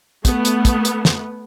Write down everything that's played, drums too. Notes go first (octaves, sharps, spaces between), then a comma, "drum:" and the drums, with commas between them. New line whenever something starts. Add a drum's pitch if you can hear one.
A3 B3, drum: kick, hi-hat
drum: hi-hat
drum: kick, hi-hat
drum: hi-hat
drum: snare